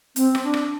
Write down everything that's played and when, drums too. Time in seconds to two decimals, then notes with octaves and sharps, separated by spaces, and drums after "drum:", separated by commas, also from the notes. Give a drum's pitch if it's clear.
0.16 C4, drum: hi-hat
0.35 drum: rim click
0.44 D4
0.54 drum: rim click